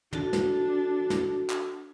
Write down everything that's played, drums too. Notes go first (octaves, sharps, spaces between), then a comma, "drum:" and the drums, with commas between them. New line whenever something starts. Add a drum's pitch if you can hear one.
D4 F#4 A4, drum: tom
drum: snare
drum: snare
drum: clap